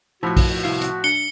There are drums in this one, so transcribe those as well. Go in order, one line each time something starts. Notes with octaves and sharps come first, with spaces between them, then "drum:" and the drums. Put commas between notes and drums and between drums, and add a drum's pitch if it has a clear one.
A2 F3 E4 F#4 C#5
drum: kick A#1, open hi-hat
C2 E4 F5
drum: hi-hat
D4 C#7 G7